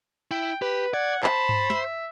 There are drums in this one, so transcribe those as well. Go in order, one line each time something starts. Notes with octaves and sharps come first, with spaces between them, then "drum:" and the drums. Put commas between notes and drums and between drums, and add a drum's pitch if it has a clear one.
E4 G5
G4 B4
D5 F#5 G#6
C5 A5 B5, drum: clap
drum: tom G2
E5, drum: snare